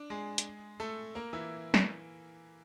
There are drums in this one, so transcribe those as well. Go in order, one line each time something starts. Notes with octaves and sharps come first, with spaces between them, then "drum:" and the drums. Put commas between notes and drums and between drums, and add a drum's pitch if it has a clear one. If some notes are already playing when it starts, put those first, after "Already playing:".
Already playing: D4 D5
G#3 G#4
drum: hi-hat
A3 A4
A#3 A#4
E3 E4
drum: snare